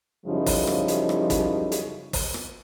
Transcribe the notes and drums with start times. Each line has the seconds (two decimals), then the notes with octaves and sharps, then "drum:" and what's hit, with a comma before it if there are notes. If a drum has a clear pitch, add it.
0.26 F#2 C#3 F3 G3 D#4 E4
0.46 drum: kick, open hi-hat
0.67 drum: rim click
0.88 drum: hi-hat
1.09 drum: rim click
1.30 drum: kick, hi-hat
1.72 drum: hi-hat
2.13 drum: kick, open hi-hat
2.34 drum: rim click